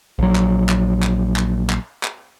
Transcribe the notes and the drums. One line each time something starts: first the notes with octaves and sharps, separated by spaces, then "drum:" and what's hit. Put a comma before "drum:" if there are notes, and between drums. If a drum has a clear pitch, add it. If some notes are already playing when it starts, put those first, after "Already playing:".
A#1 F#3
drum: clap
drum: clap
drum: clap
drum: clap
drum: clap
drum: clap